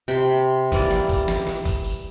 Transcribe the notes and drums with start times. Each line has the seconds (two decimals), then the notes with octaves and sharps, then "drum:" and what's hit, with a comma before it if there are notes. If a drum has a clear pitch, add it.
0.08 C3 C5 G5 B5
0.72 E3 G3 A#3 D5, drum: kick F#1, tambourine
0.91 drum: snare
1.09 drum: kick F#1, tambourine
1.28 drum: snare
1.47 drum: snare
1.65 drum: kick F#1, tambourine
1.84 drum: tambourine